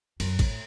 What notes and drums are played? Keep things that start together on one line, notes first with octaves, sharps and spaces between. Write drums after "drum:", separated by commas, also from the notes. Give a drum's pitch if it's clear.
F#2, drum: cymbal
A2, drum: kick G#1, cymbal